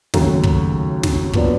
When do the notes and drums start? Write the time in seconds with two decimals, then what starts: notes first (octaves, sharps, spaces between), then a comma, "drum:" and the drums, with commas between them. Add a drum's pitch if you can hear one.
0.14 D#2 C#3 F#3 A3, drum: snare
0.43 drum: kick
1.03 drum: snare
1.33 A#2 F#3 B3 D4, drum: kick